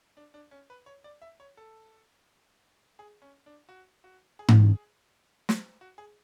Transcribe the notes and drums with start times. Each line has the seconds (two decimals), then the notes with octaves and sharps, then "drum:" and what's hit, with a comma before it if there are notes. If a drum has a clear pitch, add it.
0.17 D4
0.34 D4
0.51 C#4
0.70 B4
0.86 C#5
1.04 D5
1.22 E5
1.40 C#5
1.57 A4
2.99 G#4
3.22 C#4
3.46 D4
3.69 F#4
4.04 F#4
4.39 G#4
4.49 drum: tom G#2
5.49 drum: snare
5.81 F#4
5.98 G#4